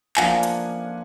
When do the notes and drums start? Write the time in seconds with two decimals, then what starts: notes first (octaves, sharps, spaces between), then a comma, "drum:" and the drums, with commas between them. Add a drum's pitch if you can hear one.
0.17 F3 A#3 D4 F4 F#5 G#5, drum: clap
0.43 drum: hi-hat